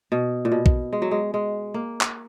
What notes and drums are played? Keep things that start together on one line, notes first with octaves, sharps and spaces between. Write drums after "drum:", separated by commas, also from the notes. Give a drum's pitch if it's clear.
B2
A#2
B2
drum: kick A#1
G#3
F#3
G#3
G#3
A#3
drum: clap